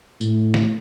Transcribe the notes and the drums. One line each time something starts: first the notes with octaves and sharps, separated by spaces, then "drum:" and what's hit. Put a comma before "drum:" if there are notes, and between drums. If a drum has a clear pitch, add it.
A2, drum: tambourine
drum: snare